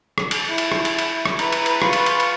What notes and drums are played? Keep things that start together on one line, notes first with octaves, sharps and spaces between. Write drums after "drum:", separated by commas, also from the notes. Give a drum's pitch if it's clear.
drum: rim click
drum: cymbal
E4
drum: cymbal
drum: rim click
drum: cymbal
drum: cymbal
drum: rim click
E4 B4 A#5, drum: cymbal
drum: cymbal
drum: cymbal
F4 C6 C#6, drum: rim click
drum: cymbal
drum: cymbal
drum: cymbal